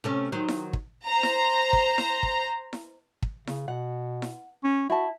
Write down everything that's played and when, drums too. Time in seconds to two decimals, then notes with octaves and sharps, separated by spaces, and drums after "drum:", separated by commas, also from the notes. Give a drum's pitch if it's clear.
0.04 C3 A3 C#4
0.32 D#3 F#3 C5
0.48 drum: snare E4
0.73 drum: kick
1.05 C5 A#5
1.23 drum: snare E4
1.73 drum: kick
1.98 drum: snare E4
2.23 drum: kick
2.73 drum: snare E4
3.22 drum: kick
3.47 C#3, drum: snare E4
3.68 B2 F#5
4.22 drum: snare E4
4.64 C#4
4.90 E4 F#4 A5